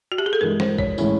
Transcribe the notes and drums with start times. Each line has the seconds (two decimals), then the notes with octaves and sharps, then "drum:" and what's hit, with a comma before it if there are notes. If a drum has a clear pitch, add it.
0.12 F#4
0.18 G4
0.26 G#4
0.33 A4
0.41 G2 E3 G#3 A#4
0.60 C5, drum: snare
0.78 C#5, drum: kick B1
0.98 A2 E3 G#3 C#4 E4, drum: tambourine